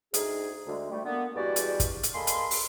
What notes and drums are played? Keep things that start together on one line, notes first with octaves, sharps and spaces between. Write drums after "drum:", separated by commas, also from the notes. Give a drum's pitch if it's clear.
D2 D#4 G#4, drum: hi-hat
D2 G#3
G3 A3
D3 A#3 B3
E2 G2 G#3 F#4 G4 D5
drum: hi-hat
drum: kick, hi-hat
drum: hi-hat
A#3 G#4 A4 D#5 B5 C6
drum: hi-hat
drum: open hi-hat